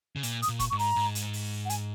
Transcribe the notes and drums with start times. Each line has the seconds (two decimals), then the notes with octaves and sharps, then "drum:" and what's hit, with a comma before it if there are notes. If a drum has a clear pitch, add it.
0.16 C#3
0.23 A#2, drum: hi-hat
0.42 D#6, drum: hi-hat
0.48 A#2
0.59 C#6, drum: kick F#1, hi-hat
0.70 G#2 C#6
0.79 A#5, drum: open hi-hat
0.96 G#2
1.15 drum: hi-hat
1.33 drum: open hi-hat
1.65 F#5
1.70 G#5, drum: hi-hat